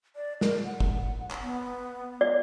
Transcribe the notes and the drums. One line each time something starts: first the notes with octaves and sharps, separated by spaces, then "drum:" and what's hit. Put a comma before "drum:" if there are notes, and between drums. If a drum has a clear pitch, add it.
D5
A#4, drum: snare
F#5
drum: kick
drum: clap
B3
D5